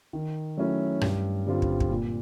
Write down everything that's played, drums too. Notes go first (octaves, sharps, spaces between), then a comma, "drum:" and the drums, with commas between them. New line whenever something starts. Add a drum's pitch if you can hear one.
D#3
F#3 A3 C#4 E4
G2, drum: rim click
D3 G3 C4 F4
drum: kick
drum: kick
A#2